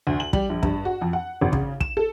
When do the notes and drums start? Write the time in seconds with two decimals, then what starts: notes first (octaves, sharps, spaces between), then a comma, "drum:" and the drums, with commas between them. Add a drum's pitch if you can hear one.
0.07 D2
0.20 F#7
0.33 G3, drum: kick
0.50 A#1
0.63 G2, drum: kick
0.85 F#4
1.01 F2
1.13 F#5
1.41 G#1
1.53 C#3, drum: kick
1.81 E7, drum: kick
1.97 A4